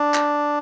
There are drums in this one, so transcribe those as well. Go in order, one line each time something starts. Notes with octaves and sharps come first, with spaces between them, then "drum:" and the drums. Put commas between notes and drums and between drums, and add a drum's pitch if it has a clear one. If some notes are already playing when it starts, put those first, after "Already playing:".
Already playing: D4
drum: clap